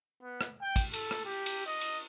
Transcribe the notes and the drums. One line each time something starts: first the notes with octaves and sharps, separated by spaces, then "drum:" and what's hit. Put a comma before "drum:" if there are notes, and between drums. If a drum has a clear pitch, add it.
B3
drum: rim click
G5
drum: kick, cymbal
A4, drum: cymbal
drum: rim click
G4
drum: cymbal
D#5
drum: cymbal